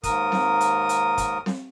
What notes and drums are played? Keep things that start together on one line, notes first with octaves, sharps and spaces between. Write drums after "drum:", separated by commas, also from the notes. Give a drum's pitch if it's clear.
D#2 G#2 A#4 D#6, drum: kick, hi-hat
drum: snare C4
drum: hi-hat
drum: hi-hat
drum: kick, hi-hat
drum: snare C4